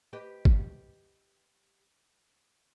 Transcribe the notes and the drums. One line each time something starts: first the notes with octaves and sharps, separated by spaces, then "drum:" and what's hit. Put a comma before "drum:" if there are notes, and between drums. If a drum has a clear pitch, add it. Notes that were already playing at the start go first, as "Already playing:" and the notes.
G4 B4 D#5
drum: kick